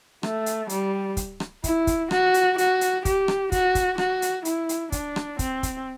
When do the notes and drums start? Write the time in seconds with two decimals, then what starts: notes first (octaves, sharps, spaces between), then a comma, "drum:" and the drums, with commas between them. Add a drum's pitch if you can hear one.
0.23 A3, drum: rim click
0.46 drum: hi-hat
0.69 G3, drum: hi-hat
1.17 drum: kick, hi-hat
1.40 drum: rim click
1.64 E4, drum: kick, hi-hat
1.87 drum: kick, hi-hat
2.11 F#4, drum: rim click
2.34 drum: hi-hat
2.58 F#4, drum: hi-hat
2.81 drum: hi-hat
3.05 G4, drum: kick, hi-hat
3.28 drum: rim click
3.52 F#4, drum: kick, hi-hat
3.75 drum: kick, hi-hat
3.98 F#4, drum: rim click
4.22 drum: hi-hat
4.45 E4, drum: hi-hat
4.69 drum: hi-hat
4.92 D4, drum: kick, hi-hat
5.16 drum: rim click
5.39 C4, drum: kick, hi-hat
5.63 drum: kick, hi-hat